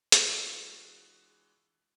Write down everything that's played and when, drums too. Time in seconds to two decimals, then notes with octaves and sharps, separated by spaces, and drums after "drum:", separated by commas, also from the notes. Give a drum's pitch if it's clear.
0.12 E3 G#3 D4 F4 F#4, drum: hi-hat